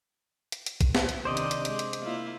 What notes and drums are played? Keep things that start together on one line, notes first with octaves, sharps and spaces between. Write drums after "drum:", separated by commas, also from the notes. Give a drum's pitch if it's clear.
drum: hi-hat
drum: hi-hat
drum: kick A#1, hi-hat
drum: snare
drum: hi-hat
C3 D#3 D4 C5 D5 D#5
drum: hi-hat
drum: hi-hat
G#3, drum: hi-hat
drum: hi-hat
drum: hi-hat
A#3 E4 F4